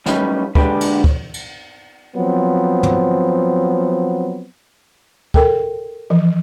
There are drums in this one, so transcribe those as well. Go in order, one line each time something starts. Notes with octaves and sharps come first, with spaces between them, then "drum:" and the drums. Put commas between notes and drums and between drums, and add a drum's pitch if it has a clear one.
F#2 A2 G3 C#4 D#4 B4, drum: snare
D3 G#3 D4 G4 B4, drum: kick
drum: cymbal
drum: kick
drum: cymbal
F3 F#3 B3 C4
drum: tom
A4 A#4 G5, drum: kick
E3 F3